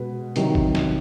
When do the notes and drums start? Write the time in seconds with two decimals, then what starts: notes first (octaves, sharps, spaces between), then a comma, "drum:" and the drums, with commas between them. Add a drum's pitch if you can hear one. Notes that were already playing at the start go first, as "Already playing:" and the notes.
Already playing: B2 G#3 B4
0.36 C3 D#3 F#3, drum: hi-hat
0.55 drum: kick G#1
0.75 drum: snare